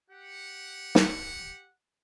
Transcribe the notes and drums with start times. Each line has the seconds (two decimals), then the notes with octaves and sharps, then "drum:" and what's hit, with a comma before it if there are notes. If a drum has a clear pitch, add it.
0.10 G4 F#5
0.95 drum: snare